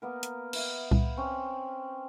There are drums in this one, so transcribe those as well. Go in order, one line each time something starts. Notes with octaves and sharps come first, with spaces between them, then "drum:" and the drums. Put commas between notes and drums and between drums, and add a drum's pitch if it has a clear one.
A#3 B3 A#4
drum: hi-hat
B4 E5 F5, drum: cymbal
C2 B4, drum: tom A2
C4 C#4